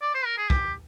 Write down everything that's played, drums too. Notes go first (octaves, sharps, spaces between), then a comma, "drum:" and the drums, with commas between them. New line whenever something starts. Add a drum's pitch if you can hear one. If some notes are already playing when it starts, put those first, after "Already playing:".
D5
C5
A#4
G#4
G4, drum: kick